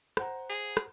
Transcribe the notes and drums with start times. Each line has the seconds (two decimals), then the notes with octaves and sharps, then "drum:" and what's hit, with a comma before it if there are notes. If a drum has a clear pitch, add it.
0.17 C5 F#5 A#5, drum: rim click
0.49 G#4
0.77 drum: rim click